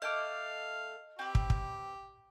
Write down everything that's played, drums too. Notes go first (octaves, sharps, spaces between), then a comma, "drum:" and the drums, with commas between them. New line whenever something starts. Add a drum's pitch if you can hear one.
A3 A4 D#5 F5 D6 F6
C4 G4 B4
drum: kick
drum: kick